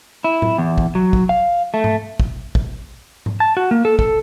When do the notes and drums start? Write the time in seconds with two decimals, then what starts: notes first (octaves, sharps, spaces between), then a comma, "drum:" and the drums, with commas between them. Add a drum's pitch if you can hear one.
0.24 E4
0.42 drum: tom A2
0.58 E2
0.78 drum: kick
0.95 F#3
1.13 drum: kick
1.29 F5
1.74 A3
1.84 drum: tom G#2
2.20 drum: kick
2.55 drum: kick
3.26 drum: tom G#2
3.40 A5
3.57 F#4
3.71 A#3
3.85 A4
3.99 A4, drum: kick